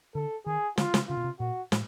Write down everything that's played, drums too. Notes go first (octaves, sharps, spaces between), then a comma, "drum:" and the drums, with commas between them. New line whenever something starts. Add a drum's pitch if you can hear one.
D3 A4
D#3 G#4
D3 F4, drum: snare
C#3, drum: snare
C#3 F4
B2
C3
A#2 F#4
A2, drum: snare